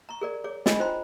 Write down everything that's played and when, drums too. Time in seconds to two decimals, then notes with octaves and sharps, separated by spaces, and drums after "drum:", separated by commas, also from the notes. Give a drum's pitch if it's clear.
0.09 A#5 C#6
0.21 G#4 A#4 D5
0.44 G#4 C#5 D6
0.66 D4 G#4 D#5 G#5 B5, drum: snare
0.79 D#4 F4 C5 G5 A#5 C6